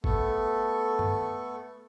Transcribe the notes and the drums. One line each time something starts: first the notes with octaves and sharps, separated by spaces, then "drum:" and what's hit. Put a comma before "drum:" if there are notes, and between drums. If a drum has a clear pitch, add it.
A3 B3 A4 C#6, drum: kick G1
drum: tom G2